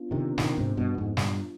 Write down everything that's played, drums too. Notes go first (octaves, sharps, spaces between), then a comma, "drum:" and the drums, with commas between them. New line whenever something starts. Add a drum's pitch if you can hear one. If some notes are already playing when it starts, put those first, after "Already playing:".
Already playing: B3 D4 F4
C3 D#3
C3 D#3, drum: snare
G#2 C3
G2 B2
F2 G#2
G2, drum: snare